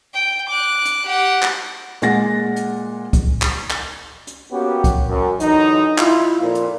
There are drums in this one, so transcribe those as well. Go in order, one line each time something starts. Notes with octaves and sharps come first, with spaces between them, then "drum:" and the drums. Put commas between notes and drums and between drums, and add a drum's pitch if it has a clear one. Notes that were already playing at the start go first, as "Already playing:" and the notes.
G5
D6 F#6
drum: hi-hat
G4 F#5
drum: clap
A#2 G#3 F#5 A6 A#6, drum: hi-hat
drum: hi-hat
drum: kick C2, hi-hat
drum: clap
drum: clap
drum: hi-hat
A#3 B3 C#4 F#4 G4
drum: kick C2, hi-hat
F#2
D3 E3 F#3 D#4, drum: hi-hat
E4 F4, drum: clap
F2 A#2
drum: hi-hat